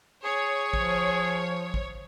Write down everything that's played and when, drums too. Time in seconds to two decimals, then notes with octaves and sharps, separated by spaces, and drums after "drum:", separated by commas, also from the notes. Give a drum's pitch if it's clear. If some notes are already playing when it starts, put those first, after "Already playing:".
0.25 G#4 C#5
0.73 F3, drum: kick
1.74 drum: kick